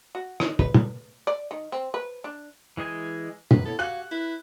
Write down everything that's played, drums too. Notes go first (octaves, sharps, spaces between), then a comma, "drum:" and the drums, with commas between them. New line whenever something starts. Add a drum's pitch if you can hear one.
F#4
D#4, drum: rim click
B4, drum: kick
drum: tom
D5
D#3
C4
B4
D4
E3 G#3 D#5 G#5
F#2 D#3 F#3 B4, drum: tom
B3 E4 A4 C#5
F#4 G4 F5 G#5 F#6
E4 B4